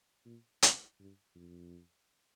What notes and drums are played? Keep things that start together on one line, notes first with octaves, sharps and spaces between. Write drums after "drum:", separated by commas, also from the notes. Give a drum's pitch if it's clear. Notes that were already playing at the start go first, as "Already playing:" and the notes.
A#2
C3, drum: hi-hat
G2
F2